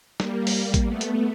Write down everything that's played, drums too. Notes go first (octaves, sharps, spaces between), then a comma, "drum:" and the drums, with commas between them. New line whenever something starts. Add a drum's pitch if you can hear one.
G3 A#3, drum: snare
drum: open hi-hat
drum: kick A1, hi-hat
A3 B3
drum: hi-hat